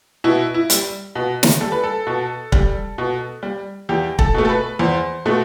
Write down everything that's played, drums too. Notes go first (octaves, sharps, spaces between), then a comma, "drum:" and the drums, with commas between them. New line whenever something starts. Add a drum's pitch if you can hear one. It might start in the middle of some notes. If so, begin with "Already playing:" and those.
B2 E4
E4
G3, drum: hi-hat
B2
drum: snare
G3 A4
B4
A4
B2
G3, drum: kick
B2
G3
E2 G4
A4, drum: kick
B2 A3
A4
B4
E2 C5
B2 A3